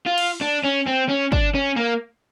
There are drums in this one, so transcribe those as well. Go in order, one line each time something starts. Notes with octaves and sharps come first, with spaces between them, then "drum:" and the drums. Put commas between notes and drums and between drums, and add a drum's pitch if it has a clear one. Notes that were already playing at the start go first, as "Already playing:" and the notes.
F4
drum: cymbal
D4
C#4
C4
C#4
D4, drum: kick
C#4
A#3